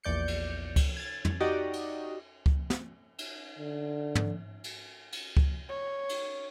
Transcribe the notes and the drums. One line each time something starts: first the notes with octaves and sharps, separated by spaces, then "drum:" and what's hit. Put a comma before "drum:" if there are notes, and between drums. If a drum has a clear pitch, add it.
A#1 E2 D5 G6 C#7
drum: cymbal
drum: kick C#2, cymbal
G#6 A6
drum: tom F2
D#4 F#4 G4 D5 D#5
drum: cymbal
drum: kick C#2
drum: snare
drum: cymbal
D3
drum: tom
drum: cymbal
drum: cymbal
drum: kick C#2
C#5
drum: cymbal